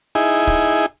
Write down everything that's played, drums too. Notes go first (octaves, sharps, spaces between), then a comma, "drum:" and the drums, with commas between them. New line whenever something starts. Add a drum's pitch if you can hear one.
D#4 E4 G#4
drum: kick